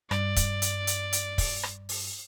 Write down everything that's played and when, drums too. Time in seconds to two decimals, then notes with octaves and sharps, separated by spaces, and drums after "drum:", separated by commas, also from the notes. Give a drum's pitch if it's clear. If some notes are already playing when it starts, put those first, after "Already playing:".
0.11 G2 D5, drum: rim click
0.36 drum: kick, hi-hat
0.62 drum: hi-hat
0.87 drum: hi-hat
1.13 drum: hi-hat
1.38 drum: kick, open hi-hat
1.63 drum: rim click
1.89 drum: open hi-hat